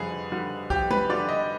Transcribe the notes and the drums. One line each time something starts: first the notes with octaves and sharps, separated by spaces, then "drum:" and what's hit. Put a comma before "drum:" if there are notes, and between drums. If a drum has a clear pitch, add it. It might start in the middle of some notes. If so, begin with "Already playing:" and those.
Already playing: F2 D3 G3 G#4 B4
D3 G3
F2 G4, drum: kick B1
B4, drum: tom G3
D3 G3 D5
D#5